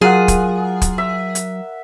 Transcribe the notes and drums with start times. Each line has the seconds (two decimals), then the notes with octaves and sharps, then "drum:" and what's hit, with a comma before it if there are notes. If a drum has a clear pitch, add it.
0.01 F#3 F4 G#4 A#4 F#5
0.28 drum: kick, hi-hat
0.82 drum: kick, hi-hat
0.98 E5
1.35 drum: hi-hat